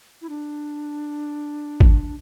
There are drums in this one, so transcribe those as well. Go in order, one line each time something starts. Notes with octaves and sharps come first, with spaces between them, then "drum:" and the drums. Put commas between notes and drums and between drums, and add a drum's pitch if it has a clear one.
E4
D4
drum: kick G#1